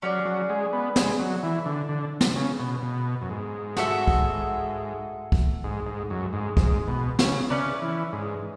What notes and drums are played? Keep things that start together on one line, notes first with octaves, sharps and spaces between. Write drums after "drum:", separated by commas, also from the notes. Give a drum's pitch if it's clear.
F#3 C#4 G#4 D5
F#3
G#3
B3
G#3, drum: snare
F#3
E3
D3
D3
drum: snare
C#3
B2
B2
F#2
G#2
F#4 A4 E5, drum: snare
drum: kick C2
drum: kick C2
G#2
G#2
F#2
G#2
G#2, drum: kick C2
B2
C#3, drum: snare
C#3 C#4 E4 B4 D5
E3
G#2